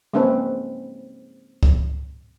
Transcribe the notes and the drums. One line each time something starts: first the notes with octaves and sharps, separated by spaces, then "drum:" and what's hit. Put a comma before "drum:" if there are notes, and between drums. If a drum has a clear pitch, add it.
G#3 A#3 C4 C#4 B4
drum: kick C#2